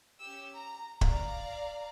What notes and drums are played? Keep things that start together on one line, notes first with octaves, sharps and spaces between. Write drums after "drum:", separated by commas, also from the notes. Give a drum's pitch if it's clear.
C#4 G4 E6
A#5
D5 F5 A#5, drum: kick